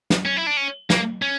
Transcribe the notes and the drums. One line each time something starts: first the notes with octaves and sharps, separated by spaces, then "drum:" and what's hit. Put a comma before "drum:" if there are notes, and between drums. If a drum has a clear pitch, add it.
drum: snare
C#4
E4
D4
C#4
A#3, drum: snare
C#4